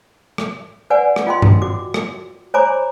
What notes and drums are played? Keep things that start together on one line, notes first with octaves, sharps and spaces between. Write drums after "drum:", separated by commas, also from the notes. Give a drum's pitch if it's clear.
drum: rim click
B4 D5 F#5 G#5
drum: rim click
F4 D#5 G5 C6
drum: tom G2
F#4 D6
drum: rim click
C5 C#5 G#5 A#5 B5 D6